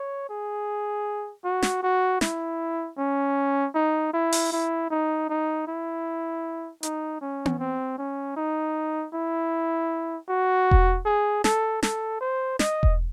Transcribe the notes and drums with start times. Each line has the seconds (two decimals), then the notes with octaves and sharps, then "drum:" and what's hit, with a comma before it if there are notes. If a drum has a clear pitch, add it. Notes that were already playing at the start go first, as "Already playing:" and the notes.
Already playing: C#5
0.29 G#4
1.45 F#4
1.62 drum: snare
1.83 F#4
2.21 E4, drum: snare
2.98 C#4
3.75 D#4
4.14 E4
4.32 drum: open hi-hat
4.52 E4
4.90 D#4
5.29 D#4
5.67 E4
6.83 D#4, drum: hi-hat
7.21 C#4
7.45 drum: tom B3
7.60 C4
7.98 C#4
8.37 D#4
9.14 E4
10.29 F#4
10.71 drum: kick E1
11.05 G#4
11.44 A4, drum: snare
11.83 A4, drum: snare
12.21 C5
12.59 D#5, drum: snare
12.83 drum: kick E1